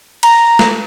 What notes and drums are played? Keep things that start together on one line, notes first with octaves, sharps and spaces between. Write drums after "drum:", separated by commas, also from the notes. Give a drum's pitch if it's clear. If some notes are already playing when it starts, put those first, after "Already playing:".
A#5, drum: cymbal
drum: snare